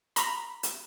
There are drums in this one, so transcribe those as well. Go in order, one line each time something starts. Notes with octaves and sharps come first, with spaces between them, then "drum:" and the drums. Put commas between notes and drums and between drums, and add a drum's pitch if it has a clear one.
A#5 B5, drum: hi-hat
drum: hi-hat